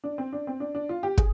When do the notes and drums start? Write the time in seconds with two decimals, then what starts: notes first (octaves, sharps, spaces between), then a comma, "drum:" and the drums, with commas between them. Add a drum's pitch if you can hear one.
0.04 D4
0.18 C4
0.33 D4
0.47 C4
0.60 D4
0.75 D4
0.89 F4
1.03 G4
1.18 G#4, drum: kick